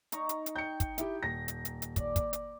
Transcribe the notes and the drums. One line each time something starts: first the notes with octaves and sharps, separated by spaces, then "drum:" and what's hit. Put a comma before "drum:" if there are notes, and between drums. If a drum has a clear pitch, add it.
D#4 A#5 C#6, drum: hi-hat
drum: hi-hat
drum: hi-hat
G5 G6 C#7
drum: kick, hi-hat
E4 G4, drum: hi-hat
D#1 A#6
drum: hi-hat
drum: hi-hat
drum: hi-hat
D5, drum: kick, hi-hat
drum: kick, hi-hat
drum: hi-hat